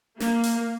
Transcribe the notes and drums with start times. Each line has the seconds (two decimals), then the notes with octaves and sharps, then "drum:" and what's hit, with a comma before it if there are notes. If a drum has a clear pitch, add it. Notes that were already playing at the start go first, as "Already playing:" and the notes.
0.20 A#3, drum: snare
0.44 drum: hi-hat